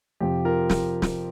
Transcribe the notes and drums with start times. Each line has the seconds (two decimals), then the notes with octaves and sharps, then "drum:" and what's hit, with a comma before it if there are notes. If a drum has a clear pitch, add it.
0.20 F2 C3 F3 G4
0.45 F4 A#4
0.69 drum: snare
1.02 drum: snare